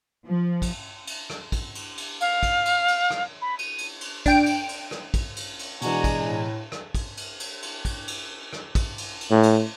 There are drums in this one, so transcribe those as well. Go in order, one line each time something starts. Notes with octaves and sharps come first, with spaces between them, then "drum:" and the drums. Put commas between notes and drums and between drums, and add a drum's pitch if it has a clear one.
F3
drum: kick, cymbal
drum: cymbal
drum: rim click
drum: kick, cymbal
drum: cymbal
drum: cymbal
F5, drum: cymbal
drum: kick, cymbal
drum: cymbal
drum: cymbal
drum: rim click
B5
D#7, drum: cymbal
drum: cymbal
drum: cymbal
D4 G5 D7, drum: kick, cymbal
drum: cymbal
drum: cymbal
drum: rim click
drum: kick, cymbal
drum: cymbal
drum: cymbal
B2 E3 G#3 D4 F#4 G#5 A#5, drum: cymbal
drum: kick, cymbal
A2
drum: rim click
drum: kick, cymbal
drum: cymbal
drum: cymbal
drum: cymbal
drum: kick, cymbal
drum: cymbal
drum: rim click
drum: kick, cymbal
drum: cymbal
drum: cymbal
A2
drum: cymbal